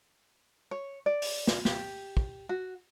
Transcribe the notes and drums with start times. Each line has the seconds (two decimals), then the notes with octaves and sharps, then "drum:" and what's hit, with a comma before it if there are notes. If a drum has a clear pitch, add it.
0.71 C#5
1.06 D5
1.22 drum: open hi-hat
1.47 drum: snare
1.65 G4, drum: snare
2.17 drum: kick
2.49 F#4